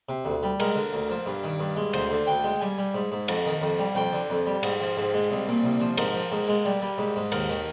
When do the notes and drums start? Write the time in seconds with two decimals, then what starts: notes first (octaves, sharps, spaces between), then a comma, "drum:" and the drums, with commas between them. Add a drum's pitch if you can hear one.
0.09 C3
0.25 D2
0.43 G3
0.60 G#3 A#4, drum: cymbal
0.75 D3
0.93 D2
1.10 F3
1.26 G2
1.44 D#3
1.60 G2
1.76 G#3
1.93 D2 C5, drum: cymbal
2.11 D3
2.27 D2 G5
2.44 G#3
2.61 G3 G#5
2.78 G3
2.94 G#2
3.12 G#2
3.28 F2, drum: cymbal
3.46 D#3
3.62 F2
3.79 G3
3.95 F2 G5
4.13 D3
4.30 F2
4.47 G3
4.63 G#2, drum: cymbal
4.80 F3
4.97 G#2
5.14 G#3
5.31 C2
5.47 A#2
5.64 C2
5.80 F3
5.98 G#2 A#4, drum: cymbal
6.14 F3
6.31 G#2
6.48 G#3
6.65 G3
6.82 G3
6.98 G#2
7.16 G#2
7.32 D#2 A#4, drum: cymbal
7.49 D#3